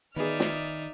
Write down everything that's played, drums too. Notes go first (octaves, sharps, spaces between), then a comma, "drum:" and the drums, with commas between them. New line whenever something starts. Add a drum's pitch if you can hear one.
D#3 B3 D#4 G#4 D5 E5 F6
drum: snare